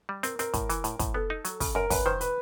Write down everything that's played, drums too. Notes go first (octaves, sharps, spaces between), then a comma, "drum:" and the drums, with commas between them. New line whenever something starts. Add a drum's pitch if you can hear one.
G3
C4 A#4, drum: hi-hat
C4 A#4, drum: hi-hat
A2, drum: kick, hi-hat
E3, drum: hi-hat
A2, drum: hi-hat
A2, drum: kick, hi-hat
B3 A4
D#4
F#3, drum: hi-hat
C#3, drum: kick, open hi-hat
F#2 A#4
F#2 B4, drum: kick, open hi-hat
D#3 C5
B4, drum: hi-hat